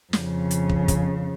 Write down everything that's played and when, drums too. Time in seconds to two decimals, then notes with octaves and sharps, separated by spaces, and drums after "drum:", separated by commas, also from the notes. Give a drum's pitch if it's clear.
0.13 F2 C#3, drum: snare
0.51 drum: hi-hat
0.69 drum: kick
0.88 drum: kick, hi-hat